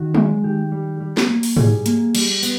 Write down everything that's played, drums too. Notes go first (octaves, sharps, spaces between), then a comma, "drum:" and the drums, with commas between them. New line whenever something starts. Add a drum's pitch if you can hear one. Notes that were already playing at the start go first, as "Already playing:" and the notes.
Already playing: D#3 F#4
G#3, drum: tom F#3
D#3 G4
G3
G3
drum: snare
A#3
drum: open hi-hat
G3 G#4, drum: tom G#2
A#3, drum: hi-hat
G3, drum: cymbal
B3, drum: tambourine